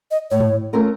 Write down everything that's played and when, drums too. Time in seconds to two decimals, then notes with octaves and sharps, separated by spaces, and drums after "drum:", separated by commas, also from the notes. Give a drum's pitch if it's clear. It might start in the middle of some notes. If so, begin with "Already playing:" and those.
0.11 D#5
0.31 A2 C#5
0.40 drum: tom G#2
0.73 A3 C#4 F4 A#4